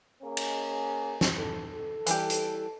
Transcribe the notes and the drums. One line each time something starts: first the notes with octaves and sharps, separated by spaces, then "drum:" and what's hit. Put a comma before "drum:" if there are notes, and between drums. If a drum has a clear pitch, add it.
A#3 C#4 G#4
drum: cymbal
drum: snare
A4
E3 G3 G4, drum: hi-hat
drum: hi-hat